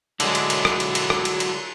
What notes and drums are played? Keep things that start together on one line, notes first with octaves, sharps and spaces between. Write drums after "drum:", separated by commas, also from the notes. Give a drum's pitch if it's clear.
D3 F#3 G#3 E4, drum: cymbal
drum: cymbal
drum: cymbal
drum: rim click
drum: cymbal
drum: cymbal
drum: rim click
drum: cymbal
drum: cymbal